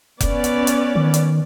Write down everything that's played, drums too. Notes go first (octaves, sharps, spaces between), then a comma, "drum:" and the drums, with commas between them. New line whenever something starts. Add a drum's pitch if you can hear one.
B3 C#4 D5, drum: kick F1, hi-hat
drum: hi-hat
drum: hi-hat
D#3
drum: hi-hat